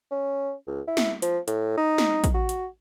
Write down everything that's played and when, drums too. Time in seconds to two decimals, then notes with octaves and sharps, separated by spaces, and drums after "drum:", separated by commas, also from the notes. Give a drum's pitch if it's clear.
0.11 C#4
0.67 C#2
0.88 E4
0.97 drum: snare
1.22 F3, drum: hi-hat
1.48 A2, drum: hi-hat
1.78 D#4
1.98 drum: snare
2.24 drum: kick, hi-hat
2.35 F#4
2.49 drum: hi-hat